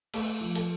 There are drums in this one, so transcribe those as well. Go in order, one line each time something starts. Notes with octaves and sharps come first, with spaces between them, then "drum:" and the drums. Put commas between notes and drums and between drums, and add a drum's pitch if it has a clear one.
A3 A4, drum: cymbal
F3
A4, drum: hi-hat